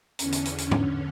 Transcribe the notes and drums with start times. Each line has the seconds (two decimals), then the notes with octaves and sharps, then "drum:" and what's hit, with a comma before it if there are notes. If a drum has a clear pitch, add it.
0.19 E2 D3 C#4, drum: hi-hat
0.32 drum: hi-hat
0.45 drum: hi-hat
0.58 drum: hi-hat
0.71 drum: tom G#2